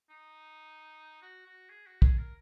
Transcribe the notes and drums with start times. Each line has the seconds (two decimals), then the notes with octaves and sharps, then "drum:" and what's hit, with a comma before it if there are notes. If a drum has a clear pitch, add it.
0.10 D#4
1.22 F#4
1.46 F#4
1.70 G#4
1.86 F#4
2.02 G#4, drum: kick
2.18 A#4